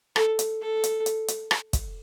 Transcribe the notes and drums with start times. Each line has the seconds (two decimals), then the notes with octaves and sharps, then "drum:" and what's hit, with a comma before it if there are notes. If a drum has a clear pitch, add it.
0.16 A4, drum: rim click
0.39 drum: hi-hat
0.61 A4
0.84 drum: hi-hat
1.06 drum: hi-hat
1.28 drum: hi-hat
1.51 drum: rim click
1.73 drum: kick, hi-hat